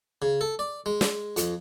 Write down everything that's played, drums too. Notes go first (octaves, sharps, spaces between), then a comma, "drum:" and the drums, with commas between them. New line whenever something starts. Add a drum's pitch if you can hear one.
C#3
A4
D5
G#3
drum: snare
F2, drum: hi-hat